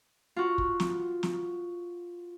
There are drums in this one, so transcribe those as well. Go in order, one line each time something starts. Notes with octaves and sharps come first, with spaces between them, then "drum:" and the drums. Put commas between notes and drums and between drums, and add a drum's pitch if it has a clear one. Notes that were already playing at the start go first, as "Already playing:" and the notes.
F4 F#4
drum: kick
drum: snare
drum: snare